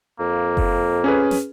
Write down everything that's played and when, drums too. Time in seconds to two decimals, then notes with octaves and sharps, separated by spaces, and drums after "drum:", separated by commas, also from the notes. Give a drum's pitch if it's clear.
0.20 F2 A#3
0.57 drum: kick F#1
1.04 C#4 G#4 B4
1.31 drum: snare